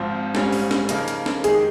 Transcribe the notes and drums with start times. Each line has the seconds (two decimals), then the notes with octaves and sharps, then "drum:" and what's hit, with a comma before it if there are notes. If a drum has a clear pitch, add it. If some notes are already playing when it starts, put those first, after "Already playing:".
Already playing: G#1 G#2 F3 C4 F4
0.35 A#1 G#2 G3 C#4 F4, drum: snare
0.53 drum: open hi-hat
0.71 drum: snare
0.89 C#3 F3 A#3 D#4 A#4, drum: hi-hat
1.08 drum: hi-hat
1.26 drum: snare
1.44 D#3 G#3 D#4 G4 G#4, drum: hi-hat